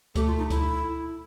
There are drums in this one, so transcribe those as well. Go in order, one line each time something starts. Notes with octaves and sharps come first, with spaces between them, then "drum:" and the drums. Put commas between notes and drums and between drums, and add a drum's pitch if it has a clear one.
A3 G4, drum: kick C#2, hi-hat
F4
D#4
E4, drum: kick C#2, hi-hat